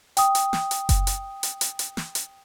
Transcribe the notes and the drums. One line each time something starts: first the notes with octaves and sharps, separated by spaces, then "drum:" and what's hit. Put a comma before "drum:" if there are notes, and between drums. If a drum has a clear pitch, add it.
G5 D#6, drum: hi-hat
drum: hi-hat
drum: snare
drum: hi-hat
drum: kick F#1, hi-hat
drum: hi-hat
drum: hi-hat
drum: hi-hat
drum: hi-hat
drum: snare
drum: hi-hat